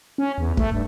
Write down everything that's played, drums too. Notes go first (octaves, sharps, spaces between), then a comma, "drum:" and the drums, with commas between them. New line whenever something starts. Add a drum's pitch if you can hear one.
C#4
E2
A3, drum: kick
G2